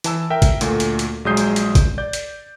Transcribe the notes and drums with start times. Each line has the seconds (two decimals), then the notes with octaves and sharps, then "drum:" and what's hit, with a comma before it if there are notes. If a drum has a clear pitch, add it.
0.04 E3 A5 E6, drum: hi-hat
0.30 A#4 E5 G5
0.42 drum: kick, hi-hat
0.61 D2 A#2 A3, drum: hi-hat
0.80 drum: hi-hat
0.99 drum: hi-hat
1.25 A#1 F#3 G#3 D#6 G6 C7
1.37 drum: hi-hat
1.56 drum: hi-hat
1.75 drum: kick, hi-hat
1.98 D5 G6
2.13 drum: hi-hat